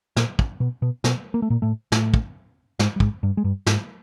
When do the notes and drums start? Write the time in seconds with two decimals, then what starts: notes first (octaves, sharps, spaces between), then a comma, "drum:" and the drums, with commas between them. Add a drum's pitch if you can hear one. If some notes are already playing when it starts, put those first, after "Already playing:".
0.16 A#2 A#3, drum: snare
0.39 drum: kick
0.60 B2 B3
0.82 B2 B3
1.04 B2 B3, drum: snare
1.34 A#3
1.42 A3
1.50 A#2 A#3
1.62 A2 A3
1.92 A2 A3, drum: snare
2.14 drum: kick
2.79 G#2 G#3, drum: snare
2.96 G3
3.00 G#2 G#3, drum: kick
3.23 G2 G3
3.37 G#3
3.44 G2 G3
3.66 G#2 G#3, drum: snare